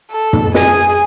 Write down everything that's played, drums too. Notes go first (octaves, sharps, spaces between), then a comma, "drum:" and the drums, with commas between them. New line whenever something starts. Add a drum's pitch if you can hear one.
A4
drum: tom
G#4, drum: snare